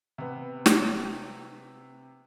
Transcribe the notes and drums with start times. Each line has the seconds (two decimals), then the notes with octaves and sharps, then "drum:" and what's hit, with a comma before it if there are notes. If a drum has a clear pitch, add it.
0.18 C3 B3
0.66 drum: snare